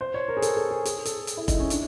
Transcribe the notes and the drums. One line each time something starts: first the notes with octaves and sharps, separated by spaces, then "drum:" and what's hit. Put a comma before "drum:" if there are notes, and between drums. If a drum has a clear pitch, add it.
C5
C#5
A#4
G#4
A4, drum: hi-hat
A4
G#4
G#4, drum: hi-hat
A4, drum: hi-hat
drum: hi-hat
E4
D#4, drum: kick, hi-hat
C#4
D4, drum: hi-hat